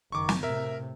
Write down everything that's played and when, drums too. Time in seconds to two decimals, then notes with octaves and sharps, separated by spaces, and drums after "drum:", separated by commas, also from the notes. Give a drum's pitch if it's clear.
0.12 F#1 D#3 C#6 D6
0.29 drum: snare
0.43 A2 C3 A#4 E5